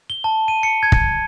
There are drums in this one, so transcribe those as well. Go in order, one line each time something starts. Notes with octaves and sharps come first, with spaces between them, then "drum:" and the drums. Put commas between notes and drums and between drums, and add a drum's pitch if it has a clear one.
G7
A5
D#7
C#7
G#6
drum: kick